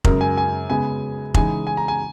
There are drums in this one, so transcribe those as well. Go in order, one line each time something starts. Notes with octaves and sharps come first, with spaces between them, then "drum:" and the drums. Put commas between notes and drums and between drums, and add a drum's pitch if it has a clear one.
F#2 C#3 G#3 A#4, drum: kick F1
G#5
G#5
C#3 G#3 B3 G#5
C#3 E3 G#3 D#4 G#5, drum: kick F1
G#5
A#5
G#5